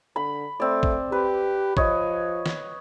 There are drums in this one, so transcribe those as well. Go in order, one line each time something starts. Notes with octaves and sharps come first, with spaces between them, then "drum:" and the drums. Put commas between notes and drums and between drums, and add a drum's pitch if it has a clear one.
D3 B5
A3 C4 D5
drum: kick G#1
G4 B4
F3 C#5 D#5, drum: kick G#1
drum: snare